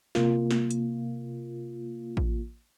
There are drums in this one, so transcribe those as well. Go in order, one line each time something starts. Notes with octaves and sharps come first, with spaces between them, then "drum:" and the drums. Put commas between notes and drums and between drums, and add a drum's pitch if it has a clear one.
C3 A#3 F4, drum: snare
drum: snare
drum: hi-hat
drum: kick A1